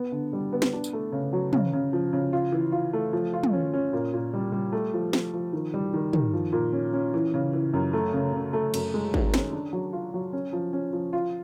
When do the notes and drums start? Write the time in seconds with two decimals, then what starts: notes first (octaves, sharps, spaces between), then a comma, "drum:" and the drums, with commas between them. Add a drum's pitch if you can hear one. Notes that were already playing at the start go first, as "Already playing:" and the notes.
Already playing: B3
0.12 D3
0.33 G3
0.52 B3
0.62 drum: snare
0.73 D4
0.84 drum: tambourine
0.93 A3
1.12 C#3
1.33 F#3
1.53 C#3, drum: tom
1.73 C#3
1.93 F3
2.13 C#3
2.33 F4
2.52 E3
2.72 F4
2.93 A3
3.13 F3
3.33 F4
3.43 drum: tom
3.53 C#4
3.73 C#4
3.93 A#2
4.13 A#2
4.34 G3
4.52 G3
4.72 A3
4.93 F3
5.13 F3, drum: snare
5.33 F3
5.53 D#3
5.74 G3
5.93 D#3
6.13 D#3, drum: tom
6.33 F3
6.53 A#2
6.73 C#4
6.93 C#4
7.14 E3
7.34 C#3
7.53 E3
7.73 F#2
7.93 A3
8.13 C#3
8.33 C#3
8.53 A3
8.74 F#2, drum: cymbal
8.94 G#3
9.14 D#3, drum: kick
9.34 C#4, drum: snare
9.53 D4
9.73 F#3
9.93 F4
10.14 F#3
10.33 C#4
10.53 F3
10.73 C#4
10.93 F3
11.13 F4